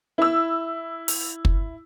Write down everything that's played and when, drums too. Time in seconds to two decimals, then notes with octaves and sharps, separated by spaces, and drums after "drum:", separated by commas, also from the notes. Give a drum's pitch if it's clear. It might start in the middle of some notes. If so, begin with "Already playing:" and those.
0.18 E4 E6
1.08 drum: open hi-hat
1.45 drum: kick